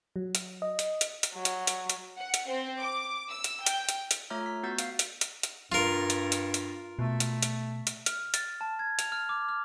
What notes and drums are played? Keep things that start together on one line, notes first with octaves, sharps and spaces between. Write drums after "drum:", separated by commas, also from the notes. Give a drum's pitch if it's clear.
F#3
drum: hi-hat
D#5
drum: hi-hat
drum: hi-hat
drum: hi-hat
F#3
drum: hi-hat
drum: hi-hat
drum: hi-hat
F#5
drum: hi-hat
C4
D6
E6
drum: hi-hat
G5, drum: hi-hat
drum: hi-hat
drum: hi-hat
A3 F4 C#5 E5 A#5 F6
B6
B3 F#4 F#5 G6 A6
F5, drum: hi-hat
drum: hi-hat
drum: hi-hat
drum: hi-hat
G2 F4 A#4
drum: hi-hat
drum: hi-hat
drum: hi-hat
B2 A3
drum: hi-hat
drum: hi-hat
drum: hi-hat
F6, drum: hi-hat
A6, drum: hi-hat
A5
G#6
F7, drum: hi-hat
F6
D6
F6